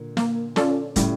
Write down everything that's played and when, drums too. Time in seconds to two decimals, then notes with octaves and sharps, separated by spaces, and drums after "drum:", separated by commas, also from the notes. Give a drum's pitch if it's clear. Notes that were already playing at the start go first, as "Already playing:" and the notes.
Already playing: A#2 D3
0.17 A#3, drum: snare
0.56 C#4 F4 A4 D5, drum: snare
0.96 A2 C#3 G3, drum: kick, hi-hat